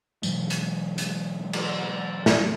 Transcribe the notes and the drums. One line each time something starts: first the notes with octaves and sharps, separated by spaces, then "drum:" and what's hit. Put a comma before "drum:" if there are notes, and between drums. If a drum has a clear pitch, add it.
B2 E3 F#3 G#3, drum: tambourine
drum: hi-hat
drum: hi-hat
drum: cymbal
drum: snare